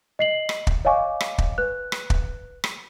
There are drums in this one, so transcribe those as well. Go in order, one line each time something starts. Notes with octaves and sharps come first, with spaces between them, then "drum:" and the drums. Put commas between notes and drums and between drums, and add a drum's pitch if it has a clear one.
D#5 C7 F#7
drum: rim click
drum: kick
C#5 D#5 F5 G#5 C#6 D6
drum: rim click
drum: kick
B4 F#6
drum: rim click
drum: kick
drum: rim click